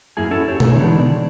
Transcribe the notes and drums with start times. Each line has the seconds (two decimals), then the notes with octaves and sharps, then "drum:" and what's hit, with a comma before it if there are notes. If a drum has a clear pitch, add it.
0.17 F#2 A#3 E4 G#4 G#5
0.31 C#4 E4 F#4 A4
0.48 G4 C#5
0.60 A3, drum: tom B2
0.74 D3 E3 G#3 B3 D4 D#4
1.00 D5